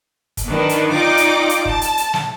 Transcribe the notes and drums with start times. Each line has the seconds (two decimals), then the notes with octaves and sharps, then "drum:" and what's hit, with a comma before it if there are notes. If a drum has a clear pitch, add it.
0.37 drum: kick, hi-hat
0.49 D#3 D4 B4
0.69 drum: hi-hat
0.93 D#4 F4 D5 D#5 G5 D6
1.17 drum: hi-hat
1.49 drum: hi-hat
1.65 A5, drum: kick
1.81 drum: hi-hat
1.97 drum: hi-hat
2.13 drum: snare